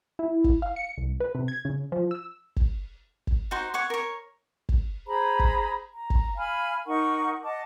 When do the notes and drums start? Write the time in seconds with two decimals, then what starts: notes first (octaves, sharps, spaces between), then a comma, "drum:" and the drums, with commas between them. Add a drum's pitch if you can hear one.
0.19 E4
0.44 drum: kick
0.62 F5
0.76 C#7
0.98 C2
1.20 B4
1.35 C3
1.48 G#6
1.65 C#3
1.92 F3
2.11 E6
2.56 drum: kick
3.27 drum: kick
3.51 D#4 F#4 C5
3.74 C#5 F#5 C#6 D6
3.90 A#4 C#5
4.69 drum: kick
5.07 G#4 C5 A#5 B5
5.39 drum: kick
5.92 A#5
6.10 drum: kick
6.37 F5 G#5 B5 F6
6.86 D#4 A#4 F#5 C#6
7.43 D#5 F#5 A5 D6